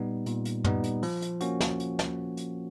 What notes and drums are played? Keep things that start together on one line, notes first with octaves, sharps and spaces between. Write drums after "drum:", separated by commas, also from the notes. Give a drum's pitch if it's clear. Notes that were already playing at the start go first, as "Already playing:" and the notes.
Already playing: A#2 G3 B3 D#4
A#2, drum: hi-hat
drum: hi-hat
G3 B3 D#4, drum: tom
drum: hi-hat
F3, drum: open hi-hat
drum: hi-hat
A#3 C#4 F#4, drum: hi-hat
drum: snare
drum: hi-hat
drum: snare
drum: hi-hat